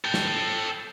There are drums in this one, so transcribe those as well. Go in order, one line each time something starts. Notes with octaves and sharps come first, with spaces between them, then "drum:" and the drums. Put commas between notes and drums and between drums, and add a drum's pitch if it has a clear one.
A4 G5
drum: snare